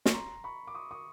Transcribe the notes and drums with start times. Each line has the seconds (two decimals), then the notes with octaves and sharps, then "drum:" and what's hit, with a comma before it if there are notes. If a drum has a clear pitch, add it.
0.06 C#6, drum: snare
0.13 A#5 C6
0.44 B5 C#6
0.67 D6
0.75 C#6 D#6
0.91 C#6 D#6